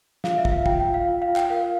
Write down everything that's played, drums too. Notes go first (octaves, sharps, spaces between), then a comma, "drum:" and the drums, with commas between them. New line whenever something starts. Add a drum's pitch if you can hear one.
F4 F5, drum: snare
E5
F4, drum: kick
F5
F4 G5, drum: kick
G5
F4
F5
F4
F5
F4
G5, drum: clap
A#4 F5
F5